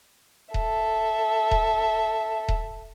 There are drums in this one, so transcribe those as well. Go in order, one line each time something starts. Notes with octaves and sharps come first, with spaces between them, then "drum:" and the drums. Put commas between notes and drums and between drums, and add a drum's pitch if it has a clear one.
A4 E5, drum: kick D#1
drum: kick D#1
drum: kick D#1